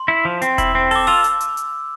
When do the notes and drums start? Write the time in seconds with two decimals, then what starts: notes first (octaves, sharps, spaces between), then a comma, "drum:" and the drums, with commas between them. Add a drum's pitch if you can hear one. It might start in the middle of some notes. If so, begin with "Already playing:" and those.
Already playing: C6
0.08 E4
0.25 F3
0.42 C4, drum: hi-hat
0.58 E4, drum: kick E1, hi-hat
0.75 C4
0.91 A4 D6, drum: open hi-hat
1.07 F4 E6, drum: open hi-hat
1.24 drum: hi-hat
1.41 drum: hi-hat
1.57 drum: hi-hat